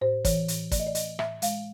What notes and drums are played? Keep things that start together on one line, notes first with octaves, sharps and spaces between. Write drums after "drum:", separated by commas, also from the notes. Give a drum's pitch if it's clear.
A2 C5
E3 C#5, drum: kick, hi-hat
A2, drum: hi-hat
A3 D5, drum: kick, hi-hat
D#5
D5
A2 D#5, drum: hi-hat
A2 E5, drum: rim click
G#3 F5, drum: hi-hat